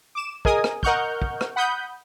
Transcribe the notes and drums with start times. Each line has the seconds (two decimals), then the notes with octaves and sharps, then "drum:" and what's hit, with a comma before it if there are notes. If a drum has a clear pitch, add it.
0.15 D6 E7
0.45 G#4 A#4 D#5 G#5 D#6, drum: kick
0.64 drum: rim click
0.83 A#4 D#5 F#5 C#6 F6 G6, drum: kick
1.22 drum: kick
1.41 drum: rim click
1.56 F#5 B5 D#6 G6